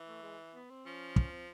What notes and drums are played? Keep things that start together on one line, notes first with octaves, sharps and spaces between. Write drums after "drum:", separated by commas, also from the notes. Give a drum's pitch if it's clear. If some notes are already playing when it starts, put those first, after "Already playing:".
Already playing: E3
A3
G#3
B3
C4
F3 C#4
drum: kick
C4